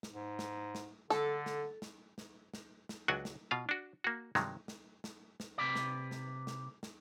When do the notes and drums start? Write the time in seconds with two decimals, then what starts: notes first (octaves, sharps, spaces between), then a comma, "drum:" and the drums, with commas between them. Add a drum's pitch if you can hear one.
0.03 drum: snare
0.13 G#2
0.39 drum: snare
0.75 drum: snare
1.10 D3 A4, drum: snare
1.46 drum: snare
1.82 drum: snare
2.18 drum: snare
2.54 drum: snare
2.89 drum: snare
3.08 C#2 F#3 D4 F#4 F#5 G#5
3.25 drum: snare
3.51 B2 F4 F5
3.69 D4 F#4
4.04 A#3 F#4
4.35 G2 C3 D#3 F#3 G#3, drum: snare
4.68 drum: snare
5.04 drum: snare
5.40 drum: snare
5.58 C3 B4 D5
5.76 drum: snare
6.11 drum: snare
6.47 drum: snare
6.83 drum: snare